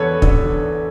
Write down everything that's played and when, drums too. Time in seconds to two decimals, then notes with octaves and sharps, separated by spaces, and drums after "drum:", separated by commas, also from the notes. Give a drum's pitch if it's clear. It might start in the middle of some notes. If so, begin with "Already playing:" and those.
Already playing: E2 D3 A4 B4 C#5
0.22 D3, drum: kick